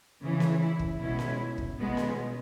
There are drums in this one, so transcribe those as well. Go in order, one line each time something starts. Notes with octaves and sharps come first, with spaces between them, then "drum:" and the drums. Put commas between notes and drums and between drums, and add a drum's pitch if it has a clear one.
C#3 E3 C#4
drum: snare C#4
E4
drum: kick
B2 G#3 C#4 E4
drum: snare C#4
drum: kick
B2 G#3 B3
drum: snare C#4